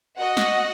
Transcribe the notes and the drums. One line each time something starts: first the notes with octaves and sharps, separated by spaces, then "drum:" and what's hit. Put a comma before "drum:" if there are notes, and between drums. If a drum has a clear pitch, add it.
F#4 D#5 F#5
drum: snare